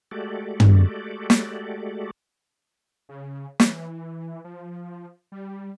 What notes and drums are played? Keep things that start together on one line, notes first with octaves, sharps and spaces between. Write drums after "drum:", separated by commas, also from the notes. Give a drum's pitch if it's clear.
G#3 A3 F#4 G4 A4 D5
drum: tom
drum: snare
C#3
E3, drum: snare
F3
G3